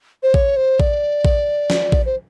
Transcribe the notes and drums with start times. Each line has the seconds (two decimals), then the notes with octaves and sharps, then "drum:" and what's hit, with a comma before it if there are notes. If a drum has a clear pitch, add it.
0.23 C5
0.34 C#5, drum: kick A#1
0.56 C5
0.80 D5, drum: kick A#1
1.25 drum: kick A#1
1.70 drum: snare
1.92 drum: kick A#1
2.06 C5